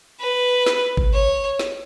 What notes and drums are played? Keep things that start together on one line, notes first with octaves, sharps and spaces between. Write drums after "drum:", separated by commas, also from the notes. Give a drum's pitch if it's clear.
B4
drum: snare
drum: kick G#1
C#5
drum: snare